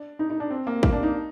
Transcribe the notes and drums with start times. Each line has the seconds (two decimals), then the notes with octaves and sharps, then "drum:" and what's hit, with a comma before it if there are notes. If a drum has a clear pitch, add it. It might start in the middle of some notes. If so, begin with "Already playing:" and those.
Already playing: D4
0.19 D#4
0.30 D#4
0.40 D4
0.51 C4
0.67 A#3
0.83 A#3, drum: kick
0.92 D4
1.03 D#4